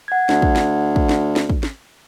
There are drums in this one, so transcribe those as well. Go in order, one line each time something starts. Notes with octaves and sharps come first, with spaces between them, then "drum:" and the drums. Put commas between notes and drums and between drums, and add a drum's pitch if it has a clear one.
F#5 G#6
D2, drum: snare
drum: kick
drum: snare
drum: kick
drum: snare
drum: snare
drum: kick
drum: snare